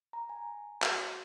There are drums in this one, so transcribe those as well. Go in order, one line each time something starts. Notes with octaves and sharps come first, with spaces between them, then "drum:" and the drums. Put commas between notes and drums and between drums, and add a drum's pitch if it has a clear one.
A#5
G#5
F#4, drum: clap